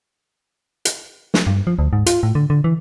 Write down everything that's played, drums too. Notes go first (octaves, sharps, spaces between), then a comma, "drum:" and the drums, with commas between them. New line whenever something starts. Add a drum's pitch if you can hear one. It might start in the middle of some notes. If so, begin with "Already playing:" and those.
drum: hi-hat
drum: snare
G2
F3
D2
G#2
F4, drum: hi-hat
A2
D3
D3
E3